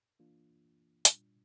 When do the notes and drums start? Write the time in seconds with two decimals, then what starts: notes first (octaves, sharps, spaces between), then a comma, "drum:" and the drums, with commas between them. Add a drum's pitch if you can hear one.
0.19 E3 A#3 D4 F4
1.05 A#2 G3 D4 F4, drum: hi-hat